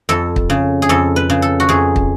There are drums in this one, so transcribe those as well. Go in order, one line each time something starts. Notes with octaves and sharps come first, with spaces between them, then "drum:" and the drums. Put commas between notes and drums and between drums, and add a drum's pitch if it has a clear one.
F2 A4
drum: kick
C#3
G#4
F2 A4
B4
C#3
A4
F#4
F2 G#4
drum: kick